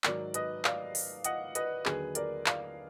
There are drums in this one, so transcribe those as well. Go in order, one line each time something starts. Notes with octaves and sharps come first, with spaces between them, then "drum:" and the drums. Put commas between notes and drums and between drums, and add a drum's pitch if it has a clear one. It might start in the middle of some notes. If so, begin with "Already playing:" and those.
G#2 D#3 F#3 A#4 D5, drum: clap
B4 D#5, drum: hi-hat
D5 F5, drum: clap
drum: open hi-hat
D#5 F#5, drum: hi-hat
B4 D#5, drum: hi-hat
D#2 D3 F#3 G#4 B4, drum: clap
A#4 D5, drum: hi-hat
D5 F5, drum: clap